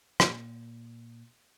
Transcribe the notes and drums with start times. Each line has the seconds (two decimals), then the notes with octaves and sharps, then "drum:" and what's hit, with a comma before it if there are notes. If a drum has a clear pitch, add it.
0.20 A#2, drum: rim click